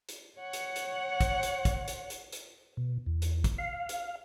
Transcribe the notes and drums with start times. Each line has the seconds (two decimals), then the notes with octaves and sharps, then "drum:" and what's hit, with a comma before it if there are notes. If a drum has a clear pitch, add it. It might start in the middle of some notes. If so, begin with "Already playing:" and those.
0.09 drum: hi-hat
0.39 C#5 F#5
0.53 drum: hi-hat
0.76 drum: hi-hat
1.21 drum: kick, hi-hat
1.43 drum: hi-hat
1.65 drum: kick, hi-hat
1.88 drum: hi-hat
2.10 drum: hi-hat
2.32 drum: hi-hat
2.77 B2
3.06 E2
3.22 drum: hi-hat
3.44 drum: kick, hi-hat
3.58 F5
3.89 drum: hi-hat